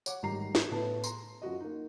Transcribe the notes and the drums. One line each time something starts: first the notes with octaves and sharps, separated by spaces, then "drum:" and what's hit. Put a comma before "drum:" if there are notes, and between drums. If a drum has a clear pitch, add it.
C#5 F#5 D6, drum: tambourine
A1 G#2 D#3 G3 A#5 C7
drum: snare
A2 B3 B4 A5
A#5 C6, drum: tambourine
F#2 F4 F#4 D#5
A#3 D#4